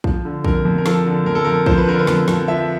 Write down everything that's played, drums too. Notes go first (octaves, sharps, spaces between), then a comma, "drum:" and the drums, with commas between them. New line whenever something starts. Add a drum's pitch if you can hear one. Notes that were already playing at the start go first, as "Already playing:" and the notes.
F3, drum: kick A#1
D3
F2 A#4, drum: kick A#1
F2
A#4
F3 A4, drum: snare
D3
F2 A#4
A4
F2 A#4
F3 C5, drum: kick A#1
B4
D3 A#4
B4
F2, drum: snare
F2, drum: snare
F3 E5